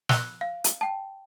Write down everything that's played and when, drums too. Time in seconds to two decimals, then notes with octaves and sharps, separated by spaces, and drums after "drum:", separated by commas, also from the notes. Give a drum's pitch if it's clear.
0.09 E6 F#6 F7 G7, drum: snare
0.41 F5
0.64 drum: hi-hat
0.81 G5 A5